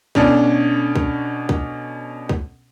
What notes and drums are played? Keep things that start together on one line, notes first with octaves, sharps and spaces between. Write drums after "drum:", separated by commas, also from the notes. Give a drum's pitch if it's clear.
B2 C#4 D4 A4, drum: kick B1
drum: kick B1
drum: kick B1
drum: kick B1